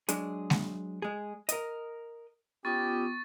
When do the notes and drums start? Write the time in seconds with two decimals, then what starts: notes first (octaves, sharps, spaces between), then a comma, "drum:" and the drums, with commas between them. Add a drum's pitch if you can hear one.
0.09 F#3 G#3 D4 G#4, drum: hi-hat
0.50 drum: snare G#3
1.02 G#3 G#4
1.49 A#4 D#5, drum: hi-hat
2.65 B3 C#4 F4 G4 C#6 D#6 A6